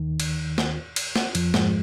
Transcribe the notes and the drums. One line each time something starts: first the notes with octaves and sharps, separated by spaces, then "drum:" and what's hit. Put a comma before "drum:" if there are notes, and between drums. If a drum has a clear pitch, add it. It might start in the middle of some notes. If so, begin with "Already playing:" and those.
Already playing: D#2 D#3
drum: cymbal
drum: snare
drum: cymbal
drum: snare
F2 F3, drum: cymbal
G#2 G#3, drum: snare